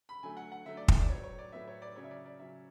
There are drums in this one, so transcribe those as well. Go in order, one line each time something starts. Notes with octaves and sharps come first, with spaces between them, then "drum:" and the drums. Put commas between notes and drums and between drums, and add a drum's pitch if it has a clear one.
B5
D3 F#3 A3 G#5
F#5
F#5
D3 F#3 A3 E5
D5
E5, drum: kick
D5
A2 F#3 B3 C#5
C#5
D5
A2 F#3 B3 E5
C#5
D5
C#3 F#3 C#4 C#5
E5
D5
D5
C#3 F#3 C#4 E5